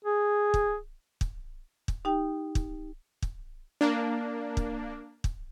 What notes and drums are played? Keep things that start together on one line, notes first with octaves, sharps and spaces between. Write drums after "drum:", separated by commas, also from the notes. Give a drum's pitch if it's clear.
G#4
drum: kick
drum: kick
drum: kick
D#4 G4 G5
drum: kick
drum: kick
A#3 D4
drum: kick
drum: kick